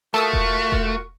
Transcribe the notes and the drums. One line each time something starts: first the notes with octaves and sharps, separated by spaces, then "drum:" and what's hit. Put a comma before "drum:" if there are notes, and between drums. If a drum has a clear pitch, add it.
A3 F4 F#4 A4 A#4 A5 C#6 D#6
drum: kick E1
drum: kick E1